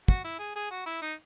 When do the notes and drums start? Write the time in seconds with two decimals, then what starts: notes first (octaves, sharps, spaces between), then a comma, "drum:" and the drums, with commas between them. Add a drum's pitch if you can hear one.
0.08 F#4, drum: kick
0.24 E4
0.39 G#4
0.56 G#4
0.71 F#4
0.86 E4
1.02 D#4